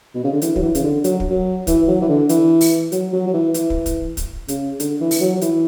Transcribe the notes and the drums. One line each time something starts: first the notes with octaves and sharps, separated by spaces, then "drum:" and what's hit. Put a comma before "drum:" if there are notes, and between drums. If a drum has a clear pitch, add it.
B2
C#3
D3
E3, drum: hi-hat
F#3, drum: kick
E3
C#3, drum: hi-hat
D3
F#3, drum: hi-hat
drum: kick
F#3
E3, drum: kick, hi-hat
F#3
E3
D3
E3, drum: hi-hat
drum: open hi-hat
F#3, drum: hi-hat
F#3
F#3
E3
E3, drum: hi-hat
drum: kick
drum: kick, hi-hat
drum: kick, hi-hat
C#3, drum: hi-hat
D3, drum: hi-hat
E3
drum: open hi-hat
F#3
F#3
E3, drum: hi-hat